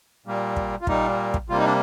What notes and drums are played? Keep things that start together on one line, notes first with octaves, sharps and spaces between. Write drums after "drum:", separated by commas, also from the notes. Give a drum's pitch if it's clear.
A#2 G3 A#3
drum: kick
F4
A#2 G3 A#3 D#4, drum: kick
drum: kick
C3 G3 A#3 F4
D#4
D4